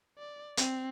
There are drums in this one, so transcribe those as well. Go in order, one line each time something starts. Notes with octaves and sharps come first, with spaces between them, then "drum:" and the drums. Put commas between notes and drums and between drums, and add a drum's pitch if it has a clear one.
D5
C4, drum: hi-hat